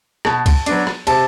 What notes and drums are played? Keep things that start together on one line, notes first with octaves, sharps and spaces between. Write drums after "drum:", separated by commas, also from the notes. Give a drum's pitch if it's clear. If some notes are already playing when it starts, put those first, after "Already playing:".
B2 A5, drum: rim click
drum: kick C#2, cymbal
F#3 B3 D4, drum: cymbal
drum: rim click
C3 A5, drum: cymbal